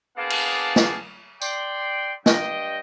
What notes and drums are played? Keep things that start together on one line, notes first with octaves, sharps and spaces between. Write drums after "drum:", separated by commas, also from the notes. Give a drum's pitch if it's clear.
A#3 B3 D4 G#4 F5 A5
drum: cymbal
drum: snare
D5 G5 C6, drum: tambourine
G2 D#5 G5, drum: snare